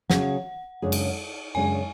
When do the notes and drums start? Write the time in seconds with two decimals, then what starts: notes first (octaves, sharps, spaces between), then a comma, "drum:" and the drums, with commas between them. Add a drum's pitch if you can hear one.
0.10 C#3 F#3 C#4 G#4 F#5, drum: snare
0.82 F#2 C#3 G#3 D4 G#4
0.92 drum: cymbal
1.55 F#2 C#3 G#3 D4 G#4 G#5